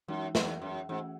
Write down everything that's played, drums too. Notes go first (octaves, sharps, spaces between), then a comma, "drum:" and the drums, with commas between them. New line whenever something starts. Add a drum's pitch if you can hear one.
F#2 E3 G#3 D#4 F#4
E2, drum: snare
F#2
G#2 E3 A3 C#4 F#4